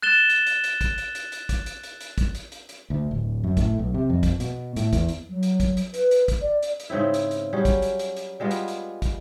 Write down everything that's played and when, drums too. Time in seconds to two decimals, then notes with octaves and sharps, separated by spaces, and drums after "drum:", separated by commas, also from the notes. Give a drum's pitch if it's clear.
0.02 F#6 A6 E7 G7
0.29 drum: hi-hat
0.47 drum: hi-hat
0.64 drum: hi-hat
0.81 drum: kick, hi-hat
0.98 drum: hi-hat
1.15 drum: hi-hat
1.32 drum: hi-hat
1.49 drum: kick, hi-hat
1.66 drum: hi-hat
1.83 drum: hi-hat
2.01 drum: hi-hat
2.18 drum: kick, hi-hat
2.35 drum: hi-hat
2.52 drum: hi-hat
2.69 drum: hi-hat
2.90 D2
3.11 D1
3.43 F#2
3.57 A2, drum: kick, hi-hat
3.79 B1
3.94 C3
4.10 F2
4.23 drum: kick, hi-hat
4.40 B2, drum: hi-hat
4.76 A2, drum: hi-hat
4.93 E2, drum: kick, hi-hat
5.09 drum: hi-hat
5.29 F#3
5.43 drum: hi-hat
5.60 drum: kick, hi-hat
5.77 drum: hi-hat
5.94 B4, drum: hi-hat
6.11 drum: hi-hat
6.28 drum: kick, hi-hat
6.42 D5
6.63 drum: hi-hat
6.80 drum: hi-hat
6.90 G#2 C#3 C4 E4
7.14 drum: hi-hat
7.31 drum: hi-hat
7.53 F#3 G3 C#4 G#4
7.65 drum: kick, hi-hat
7.82 drum: hi-hat
7.99 drum: hi-hat
8.17 drum: hi-hat
8.40 G3 G#3 B3 F4
8.51 drum: hi-hat
8.68 drum: hi-hat
9.02 drum: kick, hi-hat